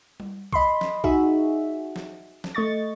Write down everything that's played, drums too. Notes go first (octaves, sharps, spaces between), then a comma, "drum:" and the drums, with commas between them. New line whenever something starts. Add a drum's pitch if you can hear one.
drum: tom G3
D#5 B5 C6, drum: kick B1
drum: snare
D#4 F#4 G#4 E5, drum: kick B1
drum: snare
drum: snare
A3 D#5 C#6 A6